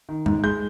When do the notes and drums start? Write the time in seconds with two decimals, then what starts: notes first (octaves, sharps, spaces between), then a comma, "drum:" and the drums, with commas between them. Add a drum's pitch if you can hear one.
0.09 D#3
0.26 G#2, drum: tom E2
0.44 G#3 G6